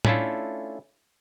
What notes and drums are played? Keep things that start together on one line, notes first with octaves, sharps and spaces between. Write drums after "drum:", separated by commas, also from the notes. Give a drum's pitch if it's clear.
A3 C#4 D4 E4 F4 A4, drum: tom A2